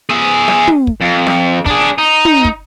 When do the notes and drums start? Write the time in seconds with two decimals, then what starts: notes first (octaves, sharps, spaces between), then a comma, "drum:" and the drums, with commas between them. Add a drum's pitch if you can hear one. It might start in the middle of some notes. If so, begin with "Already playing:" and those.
0.10 G#4 E5
0.48 drum: snare
0.68 drum: tom
0.87 drum: kick
1.01 F2
1.27 drum: snare
1.66 D4 G#4, drum: kick
1.98 D#4
2.25 drum: tom
2.45 drum: kick